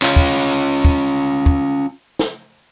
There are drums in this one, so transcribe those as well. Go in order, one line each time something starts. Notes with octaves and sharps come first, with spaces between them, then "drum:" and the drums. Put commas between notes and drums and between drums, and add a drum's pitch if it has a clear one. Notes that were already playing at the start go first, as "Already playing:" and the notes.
C#4 F4, drum: clap
drum: kick
drum: kick
drum: kick
drum: snare